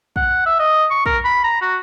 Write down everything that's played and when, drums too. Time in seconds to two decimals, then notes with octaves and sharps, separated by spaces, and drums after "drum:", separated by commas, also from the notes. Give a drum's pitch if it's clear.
0.16 F#5, drum: kick
0.46 E5
0.59 D#5
0.90 C#6
1.06 A#4, drum: kick
1.25 B5
1.44 A#5
1.61 F#4